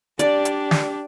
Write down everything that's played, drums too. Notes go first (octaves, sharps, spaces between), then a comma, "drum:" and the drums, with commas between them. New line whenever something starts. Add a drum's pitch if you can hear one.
D4 G4 D5, drum: hi-hat
drum: hi-hat
drum: snare